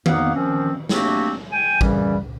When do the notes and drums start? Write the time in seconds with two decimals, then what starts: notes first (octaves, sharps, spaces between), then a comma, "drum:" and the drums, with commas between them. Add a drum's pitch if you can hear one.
0.06 F2 A#3 B3 D#4 F5 F#5, drum: tom D#3
0.34 D#3 F3 C4 C#4
0.89 A3 A#3 C4 D4 F#4 G4, drum: snare
1.52 G5 G#5
1.81 F#2 C#3 E3 G3, drum: kick